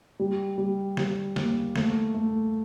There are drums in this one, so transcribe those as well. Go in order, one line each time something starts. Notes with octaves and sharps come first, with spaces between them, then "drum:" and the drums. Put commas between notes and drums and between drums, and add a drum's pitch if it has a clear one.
G3
G3
G3, drum: snare
A#3, drum: snare
A3, drum: snare
A3